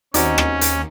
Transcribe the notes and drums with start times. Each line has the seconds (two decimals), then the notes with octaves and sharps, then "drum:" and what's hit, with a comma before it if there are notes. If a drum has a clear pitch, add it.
0.14 D#2 C4 C#4 D#4 F#4 D5, drum: hi-hat
0.38 drum: rim click
0.61 drum: hi-hat